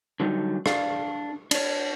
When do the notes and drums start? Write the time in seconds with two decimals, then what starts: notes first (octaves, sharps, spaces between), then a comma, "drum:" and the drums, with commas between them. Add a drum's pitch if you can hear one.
0.20 D3 F#3 G3 D#4
0.66 D4 F5, drum: rim click
1.51 D4 C#5, drum: cymbal